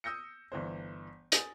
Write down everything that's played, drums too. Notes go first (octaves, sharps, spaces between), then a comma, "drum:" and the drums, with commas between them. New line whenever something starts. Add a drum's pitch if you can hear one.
D#6 E6 G6 A#6 C#7
G1 E3 C5
G#5 D#6 A6, drum: hi-hat